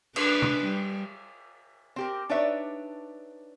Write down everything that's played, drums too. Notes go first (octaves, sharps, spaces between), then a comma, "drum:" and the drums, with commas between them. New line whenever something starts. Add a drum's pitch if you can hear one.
D4 B4, drum: cymbal
drum: tom
G3
C4 G4 A#4
D4 D#4 B4 C#5 D5 E5